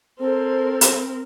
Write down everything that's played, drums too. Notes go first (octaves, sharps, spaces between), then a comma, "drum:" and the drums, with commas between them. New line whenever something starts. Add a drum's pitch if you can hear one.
C4 A4 A#4 C5
drum: hi-hat